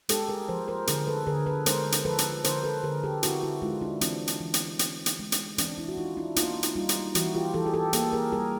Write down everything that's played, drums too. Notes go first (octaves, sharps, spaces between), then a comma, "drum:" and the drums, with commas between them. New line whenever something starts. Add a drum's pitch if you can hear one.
G#3 G4 A4, drum: hi-hat
G#4 A#4
F3 A#4 C5
A#4 C5
D3 G#4 A#4, drum: hi-hat
A4 B4
D3 G#4 A#4
A4 B4
G#3 A#4 C5, drum: hi-hat
drum: hi-hat
F3 A4 B4
drum: hi-hat
D3 A#4 C5, drum: hi-hat
A4 B4
D3 G#4 A#4
G4 A4
C4 E4 F#4, drum: hi-hat
E4 F#4
G#3 D#4 F4
D4 E4
E3 C4 D4, drum: hi-hat
drum: hi-hat
E3
drum: hi-hat
C4, drum: hi-hat
drum: hi-hat
G#3
drum: hi-hat
E3 C4 D4, drum: hi-hat
D4 E4
F#4
E3 D#4 F4
D4 E4
A#3 D#4 F4, drum: hi-hat
drum: hi-hat
G3 D#4 F4
drum: hi-hat
E3 E4 F#4, drum: hi-hat
F4 G4
E3 G4 A4
G#4
G4 A4
A#3 G4 A4, drum: hi-hat
G#4 A#4
G3 G#4 A#4